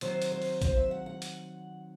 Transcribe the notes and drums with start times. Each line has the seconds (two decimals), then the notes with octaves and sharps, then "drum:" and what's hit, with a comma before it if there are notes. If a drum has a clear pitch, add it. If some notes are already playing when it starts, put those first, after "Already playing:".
0.01 C3 D#3 F#3 C4 C5, drum: hi-hat
0.22 drum: hi-hat
0.32 C5
0.42 drum: open hi-hat
0.62 C5, drum: kick, hi-hat
0.77 E5
0.91 F#5
1.06 F#5
1.22 drum: hi-hat